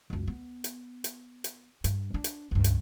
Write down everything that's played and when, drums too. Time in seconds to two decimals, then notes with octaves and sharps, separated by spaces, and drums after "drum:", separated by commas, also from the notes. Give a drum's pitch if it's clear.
0.10 C#2 F#2
0.28 B3
0.64 drum: hi-hat
1.04 drum: hi-hat
1.44 drum: hi-hat
1.84 G2, drum: hi-hat
2.14 D4
2.24 drum: hi-hat
2.51 C#2 G2
2.64 drum: hi-hat